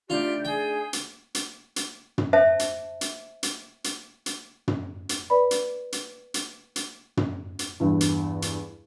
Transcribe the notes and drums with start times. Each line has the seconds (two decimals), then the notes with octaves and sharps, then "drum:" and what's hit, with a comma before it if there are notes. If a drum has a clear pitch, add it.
0.10 A3 D4 D#4 F4 G4 D5
0.45 G#4 G5
0.93 drum: hi-hat
1.35 drum: hi-hat
1.76 drum: hi-hat
2.18 drum: tom
2.33 C5 E5 A5
2.59 drum: hi-hat
3.01 drum: hi-hat
3.43 drum: hi-hat
3.84 drum: hi-hat
4.26 drum: hi-hat
4.68 drum: tom
5.09 drum: hi-hat
5.30 B4 D5 B5
5.51 drum: hi-hat
5.92 drum: hi-hat
6.34 drum: hi-hat
6.76 drum: hi-hat
7.17 drum: tom
7.59 drum: hi-hat
7.80 E2 G2
8.01 drum: hi-hat
8.42 drum: hi-hat